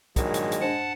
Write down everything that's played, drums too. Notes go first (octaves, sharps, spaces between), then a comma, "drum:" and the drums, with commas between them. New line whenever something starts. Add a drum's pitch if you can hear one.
A#1 D#3 F#3 G#3, drum: kick, hi-hat
drum: hi-hat
drum: hi-hat
D4 C5 F#5 A5